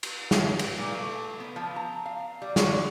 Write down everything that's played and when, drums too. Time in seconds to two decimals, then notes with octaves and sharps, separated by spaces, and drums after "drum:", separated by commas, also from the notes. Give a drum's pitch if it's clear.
0.03 drum: cymbal
0.31 drum: snare
0.59 drum: cymbal
0.78 A#2
0.94 A3
1.40 B3
1.56 F3
1.76 A#5
2.06 F5
2.42 G3
2.56 F#4, drum: snare